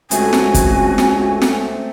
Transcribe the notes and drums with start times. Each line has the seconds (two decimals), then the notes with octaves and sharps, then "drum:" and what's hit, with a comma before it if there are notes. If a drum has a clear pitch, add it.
0.11 C#2 A3 C4 F#4 G#5, drum: hi-hat
0.33 drum: snare
0.54 drum: kick, hi-hat
0.98 drum: snare
1.42 drum: snare